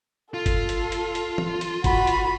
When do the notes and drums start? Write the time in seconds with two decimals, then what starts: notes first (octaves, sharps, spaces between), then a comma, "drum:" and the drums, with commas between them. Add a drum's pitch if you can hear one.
0.34 F4 A4
0.46 drum: kick, hi-hat
0.69 drum: hi-hat
0.92 drum: hi-hat
1.15 drum: hi-hat
1.38 drum: tom
1.61 drum: hi-hat
1.84 F#4 B5, drum: kick, hi-hat
2.07 drum: hi-hat